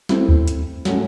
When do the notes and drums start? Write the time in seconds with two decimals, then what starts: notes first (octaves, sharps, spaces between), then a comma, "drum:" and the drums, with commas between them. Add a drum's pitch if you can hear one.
0.09 A3 C4 E4, drum: snare
0.29 drum: kick D2
0.48 drum: hi-hat
0.85 A2 F#3 A3 C#4 F#4, drum: snare